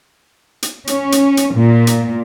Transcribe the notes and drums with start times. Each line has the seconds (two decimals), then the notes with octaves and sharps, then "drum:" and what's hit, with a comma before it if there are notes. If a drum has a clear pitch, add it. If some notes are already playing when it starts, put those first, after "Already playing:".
0.63 drum: hi-hat
0.87 C#4, drum: hi-hat
1.12 drum: hi-hat
1.37 drum: hi-hat
1.55 A#2
1.87 drum: hi-hat